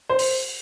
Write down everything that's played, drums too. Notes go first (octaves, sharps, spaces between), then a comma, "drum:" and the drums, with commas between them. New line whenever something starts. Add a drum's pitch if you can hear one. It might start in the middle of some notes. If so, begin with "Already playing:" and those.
C5
drum: open hi-hat